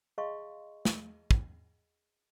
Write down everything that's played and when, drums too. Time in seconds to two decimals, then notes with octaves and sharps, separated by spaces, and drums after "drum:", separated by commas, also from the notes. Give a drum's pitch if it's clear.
0.18 G#4 D#5 F5 A5 C6 C#6
0.85 drum: snare
1.31 drum: kick